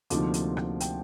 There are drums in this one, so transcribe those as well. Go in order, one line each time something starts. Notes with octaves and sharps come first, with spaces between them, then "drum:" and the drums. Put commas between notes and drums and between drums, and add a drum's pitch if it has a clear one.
D2 C3 F3 A#3 D#4 D6, drum: hi-hat
drum: hi-hat
drum: rim click
G5, drum: hi-hat